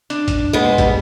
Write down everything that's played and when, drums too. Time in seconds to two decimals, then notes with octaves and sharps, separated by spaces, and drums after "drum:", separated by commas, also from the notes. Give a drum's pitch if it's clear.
0.10 D4, drum: hi-hat
0.28 drum: kick, hi-hat
0.53 G#3 B3
0.65 G#4 C5
0.78 G3, drum: kick, hi-hat